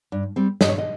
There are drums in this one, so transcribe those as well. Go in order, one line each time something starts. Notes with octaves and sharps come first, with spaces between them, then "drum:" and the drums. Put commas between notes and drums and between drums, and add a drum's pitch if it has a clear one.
G2
G3 C4
G2 D#5, drum: snare
C#5
D#5